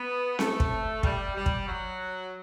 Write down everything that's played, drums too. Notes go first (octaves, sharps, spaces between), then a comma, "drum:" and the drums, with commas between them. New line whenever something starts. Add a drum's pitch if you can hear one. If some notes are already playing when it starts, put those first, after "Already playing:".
Already playing: B3
A3, drum: snare C4
drum: kick
G3, drum: kick
G3
drum: kick
F#3